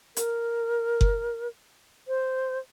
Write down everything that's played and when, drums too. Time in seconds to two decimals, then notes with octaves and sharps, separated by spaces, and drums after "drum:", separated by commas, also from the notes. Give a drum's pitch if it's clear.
0.16 A#4, drum: hi-hat
1.01 drum: kick F#1
2.08 C5